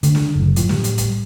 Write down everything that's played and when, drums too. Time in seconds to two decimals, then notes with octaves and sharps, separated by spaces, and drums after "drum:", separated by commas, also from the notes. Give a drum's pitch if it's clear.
0.03 D3 A3, drum: hi-hat
0.15 drum: snare
0.35 F#1 A2
0.56 A2 F3, drum: hi-hat
0.69 A2 G3, drum: snare
0.84 drum: hi-hat
0.98 drum: kick, hi-hat